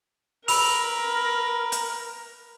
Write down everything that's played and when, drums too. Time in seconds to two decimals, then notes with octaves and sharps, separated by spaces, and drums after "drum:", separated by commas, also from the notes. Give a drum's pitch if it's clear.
0.48 A#4 B4 B5 E6 F7, drum: open hi-hat
1.72 drum: hi-hat